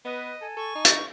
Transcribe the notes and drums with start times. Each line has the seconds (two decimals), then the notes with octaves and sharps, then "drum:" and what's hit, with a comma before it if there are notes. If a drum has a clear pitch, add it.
0.05 B3 B4 D#5
0.42 A4 G#5 A5
0.57 A4 C#6
0.75 D#4
0.85 drum: hi-hat